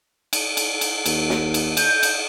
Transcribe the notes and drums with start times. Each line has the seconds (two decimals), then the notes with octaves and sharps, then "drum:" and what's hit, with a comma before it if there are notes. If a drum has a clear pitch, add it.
0.33 drum: cymbal
0.57 drum: cymbal
0.81 drum: cymbal
1.06 D#2, drum: cymbal
1.30 drum: snare
1.54 drum: cymbal
1.77 G6, drum: cymbal
2.03 drum: cymbal